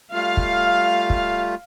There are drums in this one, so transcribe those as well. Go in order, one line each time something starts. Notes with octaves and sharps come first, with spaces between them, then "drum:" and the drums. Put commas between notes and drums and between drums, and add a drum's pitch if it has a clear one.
G3 A3 F4 F5
drum: kick
drum: kick